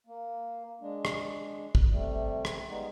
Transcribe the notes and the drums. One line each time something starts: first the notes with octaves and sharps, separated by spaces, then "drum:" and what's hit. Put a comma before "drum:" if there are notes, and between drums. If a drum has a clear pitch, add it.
A#3
G#3 D4
drum: rim click
drum: kick
C3 G3 A3
drum: rim click
G3 G#3 B3 D#4